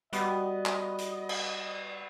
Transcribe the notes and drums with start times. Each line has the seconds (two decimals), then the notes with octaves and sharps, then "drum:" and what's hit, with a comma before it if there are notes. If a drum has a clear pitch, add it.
0.13 G3 B3 F#4 D#5, drum: hi-hat
0.66 drum: clap
0.98 drum: hi-hat
1.29 drum: cymbal